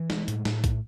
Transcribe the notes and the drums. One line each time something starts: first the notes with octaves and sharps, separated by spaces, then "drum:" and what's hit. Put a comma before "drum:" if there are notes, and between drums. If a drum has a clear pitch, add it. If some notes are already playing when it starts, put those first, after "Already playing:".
Already playing: E3
G#3, drum: snare
A2, drum: hi-hat
A2, drum: snare
drum: kick A#1, hi-hat